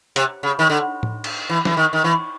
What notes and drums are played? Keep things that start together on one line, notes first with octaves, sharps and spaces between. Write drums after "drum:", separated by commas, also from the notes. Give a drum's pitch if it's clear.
C3, drum: hi-hat
C#3
D#3
D3
drum: tom A2
drum: cymbal
E3
E3, drum: snare
D#3
D#3
E3